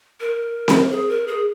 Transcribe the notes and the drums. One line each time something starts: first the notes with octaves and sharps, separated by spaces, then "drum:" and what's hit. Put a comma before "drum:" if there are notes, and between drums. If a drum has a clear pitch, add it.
A#4
drum: snare C4
G#4
A#4
G#4